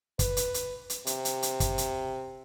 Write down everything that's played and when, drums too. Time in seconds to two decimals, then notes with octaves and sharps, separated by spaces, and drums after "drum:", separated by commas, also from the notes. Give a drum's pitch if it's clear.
0.19 B4, drum: kick, hi-hat
0.37 drum: hi-hat
0.54 drum: hi-hat
0.90 drum: hi-hat
1.07 C3, drum: hi-hat
1.25 drum: hi-hat
1.43 drum: hi-hat
1.60 drum: kick, hi-hat
1.78 drum: hi-hat